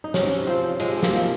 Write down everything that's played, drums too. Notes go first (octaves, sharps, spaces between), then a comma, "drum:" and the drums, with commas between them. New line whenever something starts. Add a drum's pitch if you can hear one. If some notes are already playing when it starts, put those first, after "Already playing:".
D#4
C3 C#4, drum: snare
C3
F3 C4
F3
C3 G#3, drum: hi-hat
C3 C4
A#3, drum: snare
F3